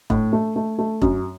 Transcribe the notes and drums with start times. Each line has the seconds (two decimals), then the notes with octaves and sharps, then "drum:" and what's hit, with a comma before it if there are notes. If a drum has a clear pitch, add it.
0.10 A2, drum: kick E1
0.33 A3
0.56 A3
0.79 A3
1.02 F#2, drum: kick E1